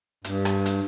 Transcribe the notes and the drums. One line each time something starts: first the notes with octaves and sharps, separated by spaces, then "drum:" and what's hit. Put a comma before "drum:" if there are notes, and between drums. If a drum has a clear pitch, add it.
G2, drum: hi-hat
drum: rim click
drum: hi-hat